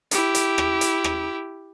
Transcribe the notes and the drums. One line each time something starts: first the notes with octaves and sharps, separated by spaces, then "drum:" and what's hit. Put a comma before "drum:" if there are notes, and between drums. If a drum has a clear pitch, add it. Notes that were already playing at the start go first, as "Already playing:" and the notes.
E4 G4, drum: hi-hat
drum: hi-hat
drum: rim click
drum: hi-hat
drum: rim click